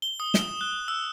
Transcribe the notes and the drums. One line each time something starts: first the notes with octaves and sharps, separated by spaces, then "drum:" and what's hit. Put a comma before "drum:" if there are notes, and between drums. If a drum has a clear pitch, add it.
G7
D#6
E7, drum: snare
F#6
E6